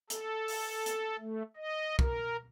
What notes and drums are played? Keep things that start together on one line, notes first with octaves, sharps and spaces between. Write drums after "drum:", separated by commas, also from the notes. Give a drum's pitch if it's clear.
A4, drum: hi-hat
drum: open hi-hat
drum: hi-hat
A3
D#5
A#4, drum: kick